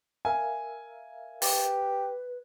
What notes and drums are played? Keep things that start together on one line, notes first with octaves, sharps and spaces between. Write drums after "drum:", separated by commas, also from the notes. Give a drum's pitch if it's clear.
A#4 E5 F5 G#5
G4 B4, drum: open hi-hat